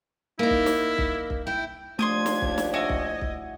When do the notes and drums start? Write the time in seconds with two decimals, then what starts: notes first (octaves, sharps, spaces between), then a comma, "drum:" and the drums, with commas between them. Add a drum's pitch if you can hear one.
0.39 A#3 D#4 E4
0.50 drum: kick
0.66 drum: snare
0.98 drum: kick
1.30 drum: kick
1.47 E4 G5
1.99 D#2 F3 A3 D4 C6 D6 D#6 G#6
2.26 drum: snare
2.42 drum: kick
2.58 drum: snare
2.74 E4 F#4 D#5 G#5
2.90 drum: kick
3.21 drum: kick